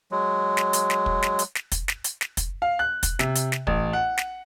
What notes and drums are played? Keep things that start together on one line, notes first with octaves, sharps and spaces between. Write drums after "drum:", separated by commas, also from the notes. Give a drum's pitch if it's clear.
F#3 G#3
drum: snare
drum: hi-hat
drum: snare
drum: kick
drum: snare
drum: hi-hat
drum: snare
drum: kick, hi-hat
drum: snare
drum: hi-hat
drum: snare
drum: kick, hi-hat
F5
F#6
drum: kick, hi-hat
C3, drum: snare
drum: hi-hat
drum: snare
A1, drum: kick
F#5
drum: snare